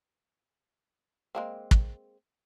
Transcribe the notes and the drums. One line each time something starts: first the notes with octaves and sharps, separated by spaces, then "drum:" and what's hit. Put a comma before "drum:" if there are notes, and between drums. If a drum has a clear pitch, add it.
G#3 A#3 C4
drum: kick